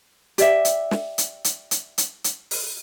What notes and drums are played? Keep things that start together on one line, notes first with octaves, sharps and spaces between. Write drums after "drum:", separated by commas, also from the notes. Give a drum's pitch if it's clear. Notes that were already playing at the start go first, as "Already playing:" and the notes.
G4 D5 E5, drum: hi-hat
drum: hi-hat
drum: snare
drum: hi-hat
drum: hi-hat
drum: hi-hat
drum: hi-hat
drum: hi-hat
drum: open hi-hat